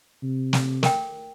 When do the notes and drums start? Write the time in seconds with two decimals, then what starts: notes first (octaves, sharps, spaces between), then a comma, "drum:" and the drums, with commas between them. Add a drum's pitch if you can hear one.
0.23 C3
0.53 drum: snare
0.83 A#4 G5, drum: snare